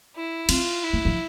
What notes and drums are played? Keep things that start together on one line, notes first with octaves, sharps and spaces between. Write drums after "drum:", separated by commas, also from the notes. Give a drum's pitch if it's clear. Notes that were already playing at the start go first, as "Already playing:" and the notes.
E4
C4 F4, drum: cymbal
E4
A#3
F3